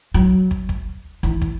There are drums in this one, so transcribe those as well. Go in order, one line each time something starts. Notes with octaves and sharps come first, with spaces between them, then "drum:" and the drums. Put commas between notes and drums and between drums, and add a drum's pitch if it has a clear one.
F#3
drum: kick
drum: kick
E3, drum: kick
drum: kick